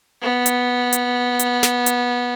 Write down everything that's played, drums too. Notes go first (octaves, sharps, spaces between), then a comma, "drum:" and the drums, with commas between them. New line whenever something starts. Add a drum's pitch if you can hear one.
B3
drum: hi-hat
drum: hi-hat
drum: hi-hat
drum: snare
drum: hi-hat